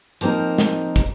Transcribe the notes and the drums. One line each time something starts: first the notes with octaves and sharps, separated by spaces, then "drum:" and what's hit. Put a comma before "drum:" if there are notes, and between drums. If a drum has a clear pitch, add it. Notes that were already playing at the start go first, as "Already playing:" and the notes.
F3 A#3 C4 D#4 A#4, drum: hi-hat
drum: snare
drum: kick, hi-hat